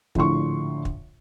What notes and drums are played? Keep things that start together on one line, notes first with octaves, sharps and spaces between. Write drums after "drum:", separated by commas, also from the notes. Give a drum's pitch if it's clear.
A#1 A2 D3 C6 C#6, drum: kick
drum: kick